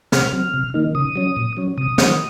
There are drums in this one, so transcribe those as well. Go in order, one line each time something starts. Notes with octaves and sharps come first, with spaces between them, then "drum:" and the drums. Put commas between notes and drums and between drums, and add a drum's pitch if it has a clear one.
C3 F6, drum: snare
F#3 C4
C3
D#3 A#3 D#4
C#3 D#6
F#3 C#4
A#2
F#3 C#4
C3 D#6
D#3 F#3 A#3, drum: snare